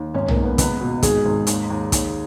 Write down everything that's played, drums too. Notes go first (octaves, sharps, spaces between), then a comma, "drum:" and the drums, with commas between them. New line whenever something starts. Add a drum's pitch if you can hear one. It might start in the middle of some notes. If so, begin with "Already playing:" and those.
Already playing: D#2
G#1 C#4 C#5
A#3 A#4, drum: tom
G#1
B3 B4
C#2 B3 B4, drum: kick, hi-hat
B2
G#1 G#3 G#4, drum: kick, hi-hat
G#1
D#2, drum: hi-hat
D#2
D#2, drum: kick, hi-hat